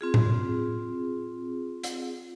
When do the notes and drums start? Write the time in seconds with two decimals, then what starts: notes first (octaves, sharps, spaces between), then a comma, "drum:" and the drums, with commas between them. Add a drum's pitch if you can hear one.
0.01 C4 F4 G#4
0.14 drum: tom A2
1.83 drum: hi-hat